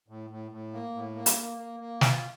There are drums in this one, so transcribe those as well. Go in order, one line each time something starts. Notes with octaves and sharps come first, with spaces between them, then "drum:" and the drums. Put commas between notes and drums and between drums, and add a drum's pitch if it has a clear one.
A2
A2
A2
A#3
A2
A#3
drum: hi-hat
A#3
A#3
A#3
F4, drum: snare